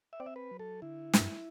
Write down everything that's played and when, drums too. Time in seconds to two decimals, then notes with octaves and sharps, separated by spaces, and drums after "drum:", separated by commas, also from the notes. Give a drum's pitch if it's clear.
0.13 E5
0.20 C4 D5
0.26 E5
0.36 B4
0.51 F#3
0.59 A4
0.82 D3 E4
1.14 A2, drum: snare
1.21 G2